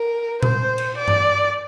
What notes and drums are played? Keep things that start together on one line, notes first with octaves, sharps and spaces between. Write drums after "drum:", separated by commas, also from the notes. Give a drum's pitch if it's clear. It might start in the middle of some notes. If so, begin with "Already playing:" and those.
Already playing: A#4
C5, drum: tom A#2
drum: cymbal
D5
drum: tom G2